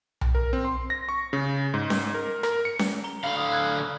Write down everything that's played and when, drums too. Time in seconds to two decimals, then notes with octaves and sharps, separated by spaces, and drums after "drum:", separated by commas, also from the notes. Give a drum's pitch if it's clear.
0.21 drum: tom B1
0.35 A#4
0.53 C4
0.65 C6
0.90 A#6
1.09 C#6
1.33 C#3
1.74 G#2
1.90 drum: snare C#4
2.14 A#4
2.43 A#4, drum: rim click
2.65 C#7
2.79 drum: snare C#4
3.04 A#5 G7
3.24 D3 F5 B5 F#7 G7
3.37 D#6 E6
3.51 F6 F#6 G#6